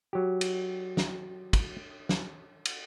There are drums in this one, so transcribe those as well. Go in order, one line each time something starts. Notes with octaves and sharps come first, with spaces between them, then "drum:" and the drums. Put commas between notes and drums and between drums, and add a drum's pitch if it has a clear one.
F#3 G4
drum: cymbal
drum: snare
drum: kick, cymbal
drum: snare
drum: cymbal